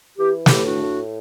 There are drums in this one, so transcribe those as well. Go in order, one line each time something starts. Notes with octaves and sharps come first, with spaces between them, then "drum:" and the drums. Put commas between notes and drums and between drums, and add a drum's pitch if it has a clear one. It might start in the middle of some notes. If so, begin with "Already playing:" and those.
E3 G4
A2 E4 G4, drum: snare
D4 F#4
A2